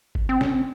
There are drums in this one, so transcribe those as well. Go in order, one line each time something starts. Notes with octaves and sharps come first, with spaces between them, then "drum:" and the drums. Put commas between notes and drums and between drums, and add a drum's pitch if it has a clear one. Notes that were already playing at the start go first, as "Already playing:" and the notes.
drum: kick G1
C4
C#4, drum: snare
C4